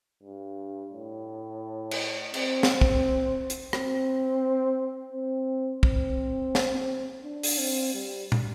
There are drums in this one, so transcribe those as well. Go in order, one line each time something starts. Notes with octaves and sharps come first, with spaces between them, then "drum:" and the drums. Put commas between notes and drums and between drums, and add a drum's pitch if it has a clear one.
G2
A2
drum: cymbal
C4, drum: cymbal
drum: snare
drum: kick
drum: hi-hat
C4, drum: rim click
C4
C4, drum: kick
drum: snare
D4
drum: open hi-hat
C4
G3
drum: tom